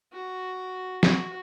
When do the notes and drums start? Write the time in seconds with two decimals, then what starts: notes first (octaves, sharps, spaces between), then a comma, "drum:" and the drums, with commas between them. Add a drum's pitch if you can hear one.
0.13 F#4
1.03 F#4, drum: snare